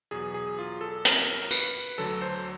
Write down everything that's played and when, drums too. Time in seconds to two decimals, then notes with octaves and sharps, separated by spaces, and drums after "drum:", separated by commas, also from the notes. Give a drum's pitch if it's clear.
0.11 E2 B2 F#3 G#4
0.34 G#4
0.59 F4
0.81 A4
1.05 A#4, drum: hi-hat
1.51 B4, drum: tambourine
1.98 D2 D3 F#3 A4
2.22 C5